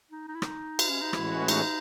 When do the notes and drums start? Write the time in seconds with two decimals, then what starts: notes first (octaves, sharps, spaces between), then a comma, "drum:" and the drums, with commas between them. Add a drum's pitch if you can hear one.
0.10 D#4
0.27 D#4
0.35 E4
0.42 D#4, drum: rim click
0.79 drum: cymbal
0.89 C#4
1.01 D#4
1.13 A2 E3 G#3 C#4 E4 F#4, drum: rim click
1.48 D#4, drum: cymbal